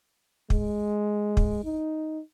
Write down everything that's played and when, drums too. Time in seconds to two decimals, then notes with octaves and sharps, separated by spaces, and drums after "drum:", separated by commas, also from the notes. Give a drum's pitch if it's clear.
0.50 G#3, drum: kick
1.37 drum: kick
1.65 D#4